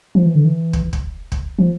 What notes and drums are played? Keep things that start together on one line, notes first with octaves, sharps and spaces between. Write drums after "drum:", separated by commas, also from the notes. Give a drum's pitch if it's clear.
F3
E3
D3
E3
drum: kick
drum: kick
drum: kick
F3